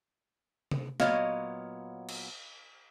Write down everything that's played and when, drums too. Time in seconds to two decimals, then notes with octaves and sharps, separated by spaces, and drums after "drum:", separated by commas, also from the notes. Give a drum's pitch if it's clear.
0.71 drum: tom C3
1.00 A#2 F#3 B3 C#5 D#5 F5, drum: snare
2.09 drum: cymbal